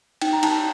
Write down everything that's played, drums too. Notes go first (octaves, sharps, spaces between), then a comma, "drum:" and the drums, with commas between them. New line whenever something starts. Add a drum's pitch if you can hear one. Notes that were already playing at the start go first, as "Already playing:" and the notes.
D#4 G5, drum: cymbal
A#5
D#4 A5, drum: cymbal